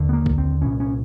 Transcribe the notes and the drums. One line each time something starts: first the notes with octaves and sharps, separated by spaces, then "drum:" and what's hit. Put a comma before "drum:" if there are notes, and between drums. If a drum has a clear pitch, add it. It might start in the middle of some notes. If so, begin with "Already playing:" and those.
Already playing: D#2 D3
B3
A#3
drum: kick B1
C4
C2 A#2 C#4
C#4